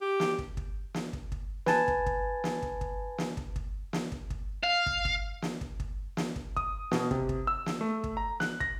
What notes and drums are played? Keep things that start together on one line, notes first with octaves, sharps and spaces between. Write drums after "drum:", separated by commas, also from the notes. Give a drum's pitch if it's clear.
G4
drum: snare
drum: kick
drum: kick
drum: snare
drum: kick
drum: kick
B4 G#5 A5, drum: snare
drum: kick
drum: kick
drum: snare
drum: kick
drum: kick
drum: snare
drum: kick
drum: kick
drum: snare
drum: kick
drum: kick
F5
drum: kick
drum: kick
drum: snare
drum: kick
drum: kick
drum: snare
drum: kick
D#6, drum: kick
B2, drum: snare
C3, drum: kick
drum: kick
E6
drum: snare
A3
drum: kick
A#5
F#6, drum: snare
A#6, drum: kick